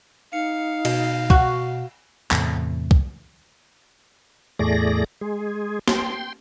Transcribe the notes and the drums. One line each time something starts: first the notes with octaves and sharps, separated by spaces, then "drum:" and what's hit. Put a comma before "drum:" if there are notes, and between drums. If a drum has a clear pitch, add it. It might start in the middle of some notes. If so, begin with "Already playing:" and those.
D#4 F5 C#7
B2, drum: cymbal
F#4, drum: kick
E2 A2 C3, drum: clap
drum: kick
E2 A2 A3 G#4 D5 A#6
G#3 G#4
G5 C6, drum: snare